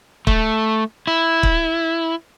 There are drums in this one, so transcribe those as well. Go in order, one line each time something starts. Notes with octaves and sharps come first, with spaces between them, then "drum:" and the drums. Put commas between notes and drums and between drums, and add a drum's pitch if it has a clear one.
A3, drum: kick
E4
drum: kick